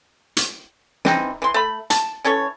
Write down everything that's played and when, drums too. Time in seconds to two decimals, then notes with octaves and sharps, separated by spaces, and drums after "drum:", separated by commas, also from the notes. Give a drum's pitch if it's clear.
0.37 drum: hi-hat
1.05 E3 C4 D#4, drum: snare
1.42 E3 C6
1.54 A3 B5
1.90 A5, drum: hi-hat
2.24 E3 C#4 A4 C#5